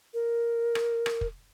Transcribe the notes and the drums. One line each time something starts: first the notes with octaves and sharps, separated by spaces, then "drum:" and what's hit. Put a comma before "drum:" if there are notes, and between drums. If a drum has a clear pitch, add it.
A#4
drum: rim click
drum: rim click
drum: kick